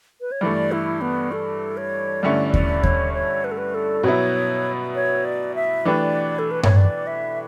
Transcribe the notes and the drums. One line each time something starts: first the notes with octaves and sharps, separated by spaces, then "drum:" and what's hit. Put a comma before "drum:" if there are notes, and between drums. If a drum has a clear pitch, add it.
B4
C#5
G2 E3 A3 D5
E4
B3
A4
C#5
G2 D3 A3 C#4 E4 D5
D5, drum: kick D#2
C#5, drum: kick D#2
C#5
B4
A4
B4
A4
B2 F#3 B3 E4 C#5
C#5
D5
E5
E3 A3 D4 G4 B4 D5
A4
B4
C#5, drum: tom G2
D5
E5